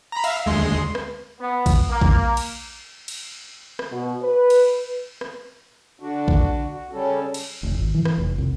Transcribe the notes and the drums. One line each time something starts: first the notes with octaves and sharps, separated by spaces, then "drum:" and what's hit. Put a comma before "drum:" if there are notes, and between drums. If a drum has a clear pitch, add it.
A#5 B5
E5 F5, drum: cymbal
D2 G#3 C6
drum: rim click
B3
drum: kick A#1, cymbal
A#3
drum: kick A#1
drum: cymbal
drum: cymbal
drum: rim click
B2
B4
drum: cymbal
drum: rim click
D3 D4 F#4
drum: kick A#1
F#4
C#3 G3 C#4 A4
drum: cymbal
F1
G#1
E3
drum: rim click
F1
C2